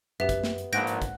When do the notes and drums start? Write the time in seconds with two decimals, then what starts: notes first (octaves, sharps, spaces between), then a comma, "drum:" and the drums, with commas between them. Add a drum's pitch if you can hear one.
0.20 F#2 B3 G4 E5
0.29 drum: kick, hi-hat
0.44 drum: snare
0.58 drum: hi-hat
0.73 A#1 G#2 F#5 F#6 G6 A#6 D7, drum: hi-hat
0.87 drum: hi-hat
1.02 drum: kick, hi-hat